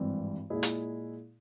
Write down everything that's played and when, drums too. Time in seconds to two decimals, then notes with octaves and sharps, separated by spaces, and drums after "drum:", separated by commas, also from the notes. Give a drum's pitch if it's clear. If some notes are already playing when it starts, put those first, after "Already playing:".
Already playing: G#1 G2 E3 G3 C4
0.50 A#2 G#3 E4 G#4
0.63 drum: hi-hat